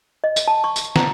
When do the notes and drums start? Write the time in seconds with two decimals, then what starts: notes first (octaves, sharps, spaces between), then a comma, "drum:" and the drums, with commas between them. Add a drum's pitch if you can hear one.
0.24 D#5
0.36 drum: tambourine
0.48 A5
0.64 C#6
0.76 drum: tambourine
0.96 A#5, drum: snare